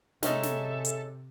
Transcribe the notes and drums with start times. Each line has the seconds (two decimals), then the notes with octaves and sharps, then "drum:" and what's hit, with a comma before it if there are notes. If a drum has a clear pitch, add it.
0.23 C3 G#3 C#4 D#4 A4 E5, drum: snare
0.43 drum: snare
0.85 drum: hi-hat